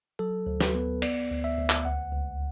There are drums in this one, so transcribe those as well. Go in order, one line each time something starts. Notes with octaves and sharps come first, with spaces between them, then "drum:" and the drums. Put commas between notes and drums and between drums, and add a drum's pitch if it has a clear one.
F#3 A4
D2
B4, drum: snare
B3
B3 D5, drum: cymbal
D2
E5
D2
drum: clap
C#2 F#5
C#2